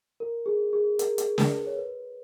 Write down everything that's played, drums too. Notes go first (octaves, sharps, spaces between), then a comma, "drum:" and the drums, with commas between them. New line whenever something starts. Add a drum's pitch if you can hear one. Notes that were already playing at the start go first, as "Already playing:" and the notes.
A#4
G#4
G#4
A#4, drum: hi-hat
G#4, drum: hi-hat
A#4, drum: snare
B4
C#5
B4